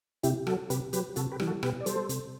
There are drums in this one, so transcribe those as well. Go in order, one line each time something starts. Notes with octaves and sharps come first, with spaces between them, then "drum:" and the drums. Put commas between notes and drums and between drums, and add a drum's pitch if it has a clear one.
C3 E4 G4, drum: hi-hat
F#3 F#4 A4, drum: rim click
C3 G4 B4, drum: hi-hat
F#3 G4 B4, drum: hi-hat
C3 F#4 A4, drum: hi-hat
G4 B4
E3 G3, drum: rim click
F#4 A4
B2 G4 B4, drum: rim click
D5
G3 A4 C5, drum: hi-hat
C3, drum: hi-hat